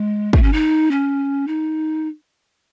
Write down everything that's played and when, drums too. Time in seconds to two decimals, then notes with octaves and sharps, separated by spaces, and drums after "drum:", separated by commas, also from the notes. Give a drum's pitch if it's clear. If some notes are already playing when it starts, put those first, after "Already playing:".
Already playing: G#3
0.33 A3, drum: kick
0.43 C#4
0.53 D#4
0.91 C#4
1.47 D#4